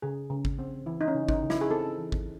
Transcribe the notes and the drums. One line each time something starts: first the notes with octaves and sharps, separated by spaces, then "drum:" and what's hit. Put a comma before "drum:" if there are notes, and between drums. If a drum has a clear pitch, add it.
C#3 G#4
C#3
drum: kick G#1
C4
E3 E4
D#4
C#4
C#3
D#4, drum: kick G#1
C#3
E4, drum: snare
G#4
C4 A4
E3
drum: kick G#1